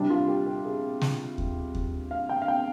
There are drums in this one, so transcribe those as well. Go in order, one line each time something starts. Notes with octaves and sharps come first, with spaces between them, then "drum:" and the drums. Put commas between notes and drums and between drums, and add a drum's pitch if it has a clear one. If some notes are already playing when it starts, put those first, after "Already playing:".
Already playing: C3 G3 C4 D4
F4
G4
G4
G#4
drum: snare
drum: kick D#2
drum: kick D#2
F5
G5
F5
G5